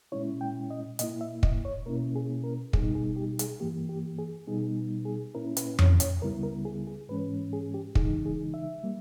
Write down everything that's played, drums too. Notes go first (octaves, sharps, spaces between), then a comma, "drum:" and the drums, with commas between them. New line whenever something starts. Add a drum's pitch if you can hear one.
A#2 G#3 C#4 E4 C#5
G5
D#5
A#2 A#3 E4 D#5, drum: hi-hat
E5
D#5, drum: kick
C#5
B2 A#3 C#4 E4 A#4
G#4
A#4
B2 G3 B3 D#4 G#4, drum: kick
G#4
G4
G#4, drum: hi-hat
G2 E3 A#3 G4
G4
G#4
B2 G3 B3 D#4 G#4
G#4
A#2 A#3 C#4 E4 A#4
B4, drum: hi-hat
C#5, drum: tom F2
C#5, drum: hi-hat
C#2 C#3 G3 B3 E4 A#4
A#4
G#4
G#4
G#2 E3 G#3 C#4 B4
G#4
G4
C#3 E3 G#3 D#4 G#4, drum: kick
G#4
E5
G3 A#3